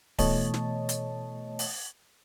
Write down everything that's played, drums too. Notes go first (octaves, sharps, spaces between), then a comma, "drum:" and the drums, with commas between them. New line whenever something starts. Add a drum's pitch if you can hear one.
B2 E3 A3 C#5 D#5 A5, drum: kick D1, open hi-hat
drum: snare
drum: hi-hat
drum: open hi-hat